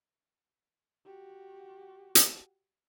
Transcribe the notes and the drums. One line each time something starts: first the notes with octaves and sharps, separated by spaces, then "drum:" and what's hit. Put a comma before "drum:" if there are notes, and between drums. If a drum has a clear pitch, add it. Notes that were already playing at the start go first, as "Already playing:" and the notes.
F#4 G4
drum: hi-hat